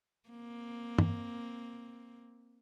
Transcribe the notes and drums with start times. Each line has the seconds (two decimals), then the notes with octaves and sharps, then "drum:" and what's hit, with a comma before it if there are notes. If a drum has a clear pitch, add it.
0.30 A#3 C4
0.98 drum: tom G2